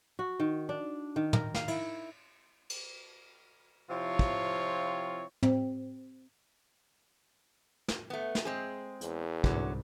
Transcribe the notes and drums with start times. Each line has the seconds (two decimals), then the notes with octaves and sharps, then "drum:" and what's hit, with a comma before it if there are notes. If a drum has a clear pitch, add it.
0.19 F#4
0.40 D#3
0.69 D4
1.16 D#3
1.33 A#4, drum: tom
1.54 F5, drum: snare
1.68 E4, drum: cymbal
2.70 drum: cymbal
3.90 C3 F3 C4 E4 F4 C#5
4.19 drum: kick
5.43 C4, drum: tom
7.88 drum: snare
8.10 A3 B3
8.35 drum: snare
8.45 G#3 C4 G#4
9.01 E2, drum: hi-hat
9.44 C2 G#2 D3 F#3, drum: kick